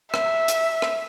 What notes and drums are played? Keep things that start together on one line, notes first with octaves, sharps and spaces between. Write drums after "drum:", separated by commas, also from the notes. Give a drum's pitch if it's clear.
E5, drum: rim click
drum: hi-hat
drum: rim click